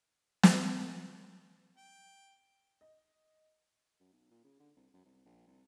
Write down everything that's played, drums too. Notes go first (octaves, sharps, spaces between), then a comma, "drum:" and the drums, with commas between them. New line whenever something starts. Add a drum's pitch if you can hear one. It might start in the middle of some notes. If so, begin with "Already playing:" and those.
drum: snare
G5
D#5
F#2
B1
A#2
C#3
D3
C2
F#2
C2
A#1
C2